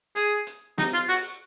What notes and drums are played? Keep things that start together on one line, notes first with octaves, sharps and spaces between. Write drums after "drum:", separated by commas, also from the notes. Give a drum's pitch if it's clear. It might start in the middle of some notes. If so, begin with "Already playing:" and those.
G#4, drum: hi-hat
drum: hi-hat
D#4, drum: snare
F4
F#4, drum: open hi-hat